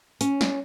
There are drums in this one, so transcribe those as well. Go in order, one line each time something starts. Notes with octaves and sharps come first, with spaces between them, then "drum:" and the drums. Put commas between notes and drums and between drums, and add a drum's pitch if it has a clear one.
C#4, drum: hi-hat
drum: snare